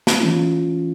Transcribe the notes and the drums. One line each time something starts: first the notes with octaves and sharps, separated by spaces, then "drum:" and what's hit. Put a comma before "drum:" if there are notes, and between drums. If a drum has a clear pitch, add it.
drum: snare
E3 A3 C#4 F4